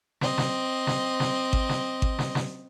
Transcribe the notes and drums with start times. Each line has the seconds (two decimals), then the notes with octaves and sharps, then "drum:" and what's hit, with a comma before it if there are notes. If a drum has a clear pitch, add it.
0.21 C4 D#5, drum: snare
0.38 drum: snare
0.87 drum: snare
1.20 drum: snare
1.53 drum: kick G#1
1.69 drum: snare
2.02 drum: kick G#1
2.19 drum: snare
2.35 drum: snare